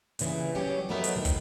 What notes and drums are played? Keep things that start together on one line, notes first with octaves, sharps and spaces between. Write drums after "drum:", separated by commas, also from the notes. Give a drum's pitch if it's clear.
G2 A#2 C#3 E3, drum: hi-hat
C#3 F#3 G3 C#4 G4 C#5
B2 F#3 A3 B3 A#4 E5
drum: hi-hat
A#2 D#3
drum: kick, hi-hat